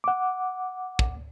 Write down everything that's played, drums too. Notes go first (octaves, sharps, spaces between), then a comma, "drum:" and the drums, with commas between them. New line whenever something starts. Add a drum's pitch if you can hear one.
F#5 D6
drum: kick